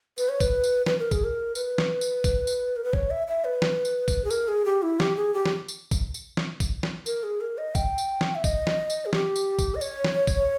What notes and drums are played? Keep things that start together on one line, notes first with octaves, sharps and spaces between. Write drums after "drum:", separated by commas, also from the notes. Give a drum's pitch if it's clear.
B4, drum: tambourine
C#5
B4, drum: kick A1, tambourine
drum: tambourine
B4, drum: snare
A#4
G#4, drum: kick A1, tambourine
A#4
B4, drum: tambourine
drum: snare
drum: tambourine
drum: kick A1, tambourine
drum: tambourine
A#4
B4
C#5, drum: kick A1
E5
E5
B4
drum: snare
drum: tambourine
drum: kick A1, tambourine
G#4
A#4, drum: tambourine
G#4
G4
E4
G4, drum: snare
G#4
G4
drum: snare
drum: tambourine
drum: kick A1, tambourine
drum: tambourine
drum: snare
drum: kick A1, tambourine
drum: snare
A#4, drum: tambourine
G#4
A#4
D#5
G5, drum: kick A1, tambourine
drum: tambourine
drum: snare
E5
D#5, drum: kick A1, tambourine
drum: snare
drum: tambourine
G#4
G4, drum: snare
drum: tambourine
drum: kick A1, tambourine
D#5
C#5, drum: tambourine
drum: snare
drum: kick A1, tambourine